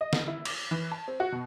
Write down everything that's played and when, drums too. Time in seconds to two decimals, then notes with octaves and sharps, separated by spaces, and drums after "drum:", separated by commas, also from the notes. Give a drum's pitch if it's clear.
0.01 D#5
0.13 drum: snare
0.27 E4
0.45 D6, drum: cymbal
0.71 E3
0.91 A5
1.08 C4
1.20 F#4
1.32 B2